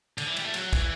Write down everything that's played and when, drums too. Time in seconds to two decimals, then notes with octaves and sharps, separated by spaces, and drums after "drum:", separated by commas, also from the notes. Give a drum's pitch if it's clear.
0.18 D3, drum: cymbal
0.27 E3
0.36 G3, drum: cymbal
0.45 A3
0.54 F#3, drum: cymbal
0.73 E3, drum: kick, cymbal